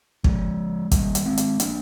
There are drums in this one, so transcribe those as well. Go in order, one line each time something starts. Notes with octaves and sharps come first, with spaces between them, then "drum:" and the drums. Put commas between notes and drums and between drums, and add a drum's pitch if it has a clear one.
F3 G#3, drum: kick
G3 A#3, drum: kick, hi-hat
drum: hi-hat
G#3 C4
drum: hi-hat
A#3 D4, drum: hi-hat